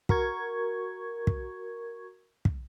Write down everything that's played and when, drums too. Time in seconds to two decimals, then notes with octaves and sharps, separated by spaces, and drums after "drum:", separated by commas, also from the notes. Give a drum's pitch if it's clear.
0.09 F#4 A#4 C#6 G#6, drum: kick
1.27 drum: kick
2.45 drum: kick